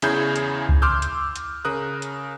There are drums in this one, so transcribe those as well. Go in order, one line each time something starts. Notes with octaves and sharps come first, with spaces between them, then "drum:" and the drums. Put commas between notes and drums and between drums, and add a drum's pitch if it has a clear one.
E2 C#3 E4 G#4 G6 G#6, drum: hi-hat
drum: hi-hat
drum: kick C#2
C6 D6 E6 F6 G6
drum: hi-hat
drum: hi-hat
C#3 A#4 D#6 F#6
drum: hi-hat